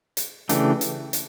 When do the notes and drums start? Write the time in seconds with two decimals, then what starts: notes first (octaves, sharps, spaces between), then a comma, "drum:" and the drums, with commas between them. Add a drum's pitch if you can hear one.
0.17 drum: hi-hat
0.49 C#3 E3 A3 D4 G4, drum: hi-hat
0.81 drum: hi-hat
1.13 drum: hi-hat